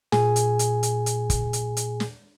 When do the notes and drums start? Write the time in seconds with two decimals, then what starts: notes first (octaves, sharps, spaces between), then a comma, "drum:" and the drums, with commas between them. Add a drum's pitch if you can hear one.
0.12 A#2 G#4 G#5, drum: snare
0.36 drum: hi-hat
0.59 drum: hi-hat
0.83 drum: hi-hat
1.06 drum: hi-hat
1.30 drum: kick, hi-hat
1.53 drum: hi-hat
1.77 drum: hi-hat
2.00 drum: snare